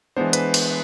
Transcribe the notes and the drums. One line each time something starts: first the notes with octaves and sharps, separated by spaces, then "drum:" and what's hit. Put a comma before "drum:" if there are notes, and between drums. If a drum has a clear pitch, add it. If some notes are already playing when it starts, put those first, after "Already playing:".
E3 G#3 B3 D4 C5
B4, drum: hi-hat
drum: cymbal